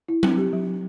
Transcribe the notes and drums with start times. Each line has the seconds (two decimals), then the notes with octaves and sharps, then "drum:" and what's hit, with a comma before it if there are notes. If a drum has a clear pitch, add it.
0.08 E4
0.23 C4, drum: tom F#3
0.37 G4
0.53 F#3
0.67 F#3